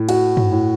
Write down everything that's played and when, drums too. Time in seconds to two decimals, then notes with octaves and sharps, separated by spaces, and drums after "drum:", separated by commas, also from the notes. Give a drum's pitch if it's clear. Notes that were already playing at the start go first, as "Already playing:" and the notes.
Already playing: A2
0.09 F#4, drum: cymbal
0.37 drum: tom G2
0.52 A2